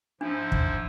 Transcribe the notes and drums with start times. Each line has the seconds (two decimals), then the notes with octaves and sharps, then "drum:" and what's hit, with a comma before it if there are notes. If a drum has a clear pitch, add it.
0.21 G#2 F3 D4 E4
0.52 drum: kick